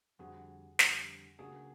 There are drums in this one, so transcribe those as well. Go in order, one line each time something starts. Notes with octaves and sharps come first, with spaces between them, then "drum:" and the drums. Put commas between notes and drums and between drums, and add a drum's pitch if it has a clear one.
F2 D3 G3 F#4 G#4
F2 D3 G3, drum: snare
C#2 C#3 F#3 A#3 D4 F#4 G#4